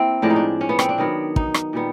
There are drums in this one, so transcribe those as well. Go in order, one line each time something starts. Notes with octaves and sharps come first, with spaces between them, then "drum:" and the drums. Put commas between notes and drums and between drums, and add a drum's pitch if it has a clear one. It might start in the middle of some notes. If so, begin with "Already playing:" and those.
Already playing: A#3 C4 E4
A2 F3 G#3 D4
D#4
D4
C#4
B3
C4, drum: rim click
D4
D#3 F#3 B3
D#4, drum: kick
drum: rim click
A#2 G3 B3